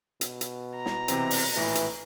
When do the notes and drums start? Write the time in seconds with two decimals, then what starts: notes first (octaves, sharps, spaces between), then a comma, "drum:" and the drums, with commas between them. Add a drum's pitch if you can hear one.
0.21 B2, drum: hi-hat
0.41 drum: hi-hat
0.76 A#5
0.86 drum: snare
1.08 C3 E3 C4, drum: hi-hat
1.31 drum: open hi-hat
1.56 A#1 A2 E3 A#6
1.75 drum: hi-hat